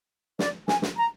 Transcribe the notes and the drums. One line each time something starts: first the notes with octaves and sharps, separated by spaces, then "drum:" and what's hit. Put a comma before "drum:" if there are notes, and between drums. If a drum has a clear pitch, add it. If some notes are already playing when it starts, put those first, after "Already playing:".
D5, drum: snare
G#5, drum: snare
drum: snare
A#5